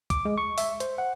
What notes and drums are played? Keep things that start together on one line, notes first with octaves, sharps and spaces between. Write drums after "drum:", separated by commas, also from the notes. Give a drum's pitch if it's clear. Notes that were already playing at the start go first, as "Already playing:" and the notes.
D6, drum: kick, hi-hat
G#3
C#6
E5, drum: open hi-hat
C5, drum: hi-hat
F#5